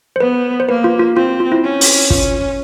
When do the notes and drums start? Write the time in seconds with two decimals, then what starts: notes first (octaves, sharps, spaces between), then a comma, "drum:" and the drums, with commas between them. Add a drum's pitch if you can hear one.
0.16 C5
0.20 B3 B4
0.60 C5
0.69 A#3 B4
0.84 F4
1.00 F4
1.16 C4 F4
1.40 F4
1.52 E4
1.64 C#4
1.81 drum: open hi-hat
2.10 C#4 F4, drum: kick